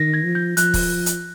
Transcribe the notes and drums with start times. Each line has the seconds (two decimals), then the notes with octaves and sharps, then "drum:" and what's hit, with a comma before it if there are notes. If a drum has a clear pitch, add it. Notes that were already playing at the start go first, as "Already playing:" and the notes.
Already playing: D#3 A#6
0.14 G#6
0.25 F3
0.35 G6
0.57 F3 F#6, drum: hi-hat
0.74 drum: kick, open hi-hat
1.06 drum: hi-hat